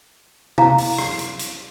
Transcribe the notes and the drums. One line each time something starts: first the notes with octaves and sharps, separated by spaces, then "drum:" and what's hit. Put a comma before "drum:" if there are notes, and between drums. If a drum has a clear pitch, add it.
E4 F5 A#5, drum: tom C3
drum: open hi-hat
drum: rim click
drum: hi-hat
drum: hi-hat